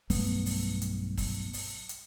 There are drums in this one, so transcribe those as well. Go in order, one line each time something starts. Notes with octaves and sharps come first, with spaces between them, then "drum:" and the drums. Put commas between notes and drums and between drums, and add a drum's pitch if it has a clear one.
B1 G2 A3 B3, drum: kick, open hi-hat
drum: open hi-hat
drum: hi-hat
drum: kick, open hi-hat
drum: open hi-hat
drum: hi-hat